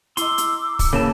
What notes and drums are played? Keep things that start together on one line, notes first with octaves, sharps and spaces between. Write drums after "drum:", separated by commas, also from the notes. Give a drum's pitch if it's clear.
E4 D#5 A#5 C6 D6 E6, drum: hi-hat
drum: hi-hat
drum: kick, open hi-hat
C#3 E3 A#3 C#5 A5